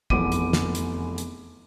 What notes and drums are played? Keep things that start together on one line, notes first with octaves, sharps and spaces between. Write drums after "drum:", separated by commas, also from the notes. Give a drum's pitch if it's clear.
F1 E2 B3 D6 D#7, drum: kick
drum: hi-hat
drum: snare
drum: hi-hat
drum: hi-hat